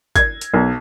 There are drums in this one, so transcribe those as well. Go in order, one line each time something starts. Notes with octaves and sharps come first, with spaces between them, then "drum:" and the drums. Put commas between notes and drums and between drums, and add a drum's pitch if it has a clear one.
G#6, drum: kick, hi-hat
drum: hi-hat
B1